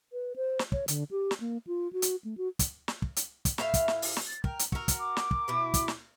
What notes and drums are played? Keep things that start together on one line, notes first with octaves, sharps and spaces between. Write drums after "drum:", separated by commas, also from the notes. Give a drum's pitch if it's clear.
B4
C5
drum: snare
C#5, drum: kick
D3, drum: hi-hat
G4
drum: snare
A#3
F4
F#4
drum: hi-hat
A3
F#4
drum: kick, hi-hat
drum: snare
drum: kick
drum: hi-hat
drum: kick, hi-hat
A2 E5 F5, drum: snare
drum: kick, hi-hat
drum: snare
drum: open hi-hat
drum: snare
A6
A#4 G5, drum: kick
drum: hi-hat
F#4 A#4 E6, drum: kick
drum: kick, hi-hat
D6
drum: snare
drum: kick
B2 E4
drum: kick, hi-hat
drum: snare